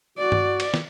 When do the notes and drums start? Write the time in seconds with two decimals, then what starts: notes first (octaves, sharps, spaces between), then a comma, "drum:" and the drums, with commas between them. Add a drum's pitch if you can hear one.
0.18 F#4 D5
0.32 drum: tom G2
0.60 drum: cymbal
0.74 drum: snare